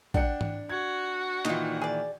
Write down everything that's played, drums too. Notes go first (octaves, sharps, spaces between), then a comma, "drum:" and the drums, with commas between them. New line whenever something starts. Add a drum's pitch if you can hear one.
D4 F#5 G5 C#7, drum: kick
drum: tom G#2
F#4 G#6
A#2 D#3 E3 D#4 F4, drum: clap
G#4 D5